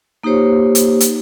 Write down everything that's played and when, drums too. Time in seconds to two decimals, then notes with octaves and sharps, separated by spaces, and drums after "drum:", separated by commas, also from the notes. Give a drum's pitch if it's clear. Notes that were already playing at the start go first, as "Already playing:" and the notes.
0.24 A#3 D#4 F4 G4 C5 C#5
0.75 drum: hi-hat
1.00 drum: hi-hat